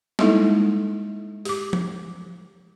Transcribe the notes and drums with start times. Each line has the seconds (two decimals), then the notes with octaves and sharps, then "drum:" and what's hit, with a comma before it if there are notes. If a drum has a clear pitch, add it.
0.19 G3 G#3 A#3 D#4 E4 A4, drum: snare
1.45 G4 D6, drum: open hi-hat
1.73 drum: tom F3